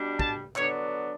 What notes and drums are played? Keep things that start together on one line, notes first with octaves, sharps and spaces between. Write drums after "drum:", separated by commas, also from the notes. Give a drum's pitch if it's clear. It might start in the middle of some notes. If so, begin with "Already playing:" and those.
Already playing: B2 G3 D4
A5, drum: kick
D3 F#3 B3 D4 C#5, drum: clap